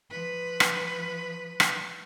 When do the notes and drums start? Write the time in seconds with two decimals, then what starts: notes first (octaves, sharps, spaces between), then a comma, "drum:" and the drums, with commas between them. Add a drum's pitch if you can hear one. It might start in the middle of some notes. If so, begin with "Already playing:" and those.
0.10 F3 B4
0.60 drum: rim click
1.60 drum: rim click